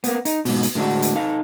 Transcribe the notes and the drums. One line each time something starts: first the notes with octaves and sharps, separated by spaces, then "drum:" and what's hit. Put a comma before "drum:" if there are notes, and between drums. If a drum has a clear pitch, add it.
A#3 B3, drum: hi-hat
D#4, drum: hi-hat
G#2 B2, drum: open hi-hat
drum: hi-hat
A2 D3 G#3 D4 F#4
drum: hi-hat
D#4 A4 F5